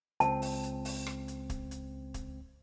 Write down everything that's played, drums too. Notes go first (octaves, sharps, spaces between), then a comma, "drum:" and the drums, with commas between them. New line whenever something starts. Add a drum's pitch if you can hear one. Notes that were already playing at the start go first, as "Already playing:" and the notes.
C#2 C4 A5, drum: hi-hat
drum: open hi-hat
drum: hi-hat
drum: open hi-hat
drum: rim click
drum: hi-hat
drum: kick, hi-hat
drum: hi-hat
drum: kick, hi-hat